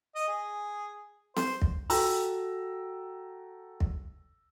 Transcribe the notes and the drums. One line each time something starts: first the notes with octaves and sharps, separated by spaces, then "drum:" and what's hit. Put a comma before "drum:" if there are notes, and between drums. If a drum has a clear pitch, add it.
D#5
G#4
C5, drum: snare C4
drum: kick
F#4 A4 G5 A#5 E6, drum: open hi-hat
drum: kick